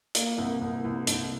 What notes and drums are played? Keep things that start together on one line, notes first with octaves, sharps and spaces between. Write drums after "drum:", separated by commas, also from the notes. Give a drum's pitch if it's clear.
A#3, drum: hi-hat
C2
C2
C2
C2, drum: hi-hat